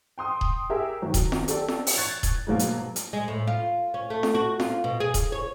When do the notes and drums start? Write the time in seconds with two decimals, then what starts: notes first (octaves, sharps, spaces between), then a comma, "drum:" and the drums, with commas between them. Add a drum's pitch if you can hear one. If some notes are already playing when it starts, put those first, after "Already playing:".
0.18 G5 C6 D#6
0.41 drum: kick D#1
0.70 G4 G#4 A#4 E5
1.02 D#3 F#3
1.14 drum: kick D#1, hi-hat
1.32 drum: snare F4
1.48 G4 A4 D5, drum: hi-hat
1.68 drum: snare F4
1.87 drum: open hi-hat
1.97 C#6 F#6 G#6 A6
2.23 drum: kick D#1, hi-hat
2.47 G#2 B2 F#3 A#3
2.59 drum: hi-hat
2.96 drum: hi-hat
3.13 G#3
3.28 A2
3.47 F4
3.94 C#4
4.10 A3
4.23 drum: snare F4
4.35 F#4
4.60 F4, drum: snare F4
4.84 B2
5.00 G#4
5.14 drum: kick D#1, hi-hat
5.32 C#5